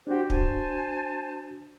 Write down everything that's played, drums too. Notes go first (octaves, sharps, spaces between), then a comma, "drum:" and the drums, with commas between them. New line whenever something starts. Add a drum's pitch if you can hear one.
D4 F#4 G4 C5
C5 G#5 A5, drum: kick